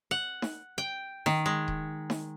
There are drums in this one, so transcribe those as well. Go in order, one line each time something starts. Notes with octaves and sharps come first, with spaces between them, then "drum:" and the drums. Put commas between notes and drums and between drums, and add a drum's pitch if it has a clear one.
F#5
drum: snare D#4
G5
D#3, drum: snare D#4
G#3
drum: kick D#1
drum: snare D#4